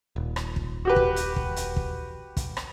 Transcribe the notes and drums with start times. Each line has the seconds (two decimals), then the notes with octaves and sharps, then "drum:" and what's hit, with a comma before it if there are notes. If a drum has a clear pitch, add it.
0.16 D#1
0.36 drum: rim click
0.56 drum: kick
0.85 F#4 G4 B4
0.96 drum: kick
1.16 drum: hi-hat
1.36 drum: kick
1.56 drum: hi-hat
1.76 drum: kick
2.37 drum: kick, hi-hat
2.57 drum: rim click